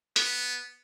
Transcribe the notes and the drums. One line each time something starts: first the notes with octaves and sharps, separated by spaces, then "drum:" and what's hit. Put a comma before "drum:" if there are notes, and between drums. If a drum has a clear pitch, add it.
B3, drum: hi-hat